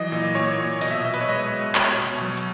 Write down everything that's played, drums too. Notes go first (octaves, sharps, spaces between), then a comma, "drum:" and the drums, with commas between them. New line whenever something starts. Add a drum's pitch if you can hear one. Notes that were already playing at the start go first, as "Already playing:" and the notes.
Already playing: E3 F#3 D#5
A#2
A#2 C#5
A#2
B2 D#5, drum: hi-hat
E5
D#5
B2
B4, drum: hi-hat
C#5
G#3 D#5
B2
B2 C#5, drum: clap
B2
F#3
drum: hi-hat